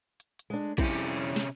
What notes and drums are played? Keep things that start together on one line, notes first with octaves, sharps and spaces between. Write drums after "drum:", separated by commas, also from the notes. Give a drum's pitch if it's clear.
drum: hi-hat
drum: hi-hat
G#3 D4
F2 C3 G3 C#4 E4, drum: kick, hi-hat
drum: hi-hat
drum: hi-hat
drum: snare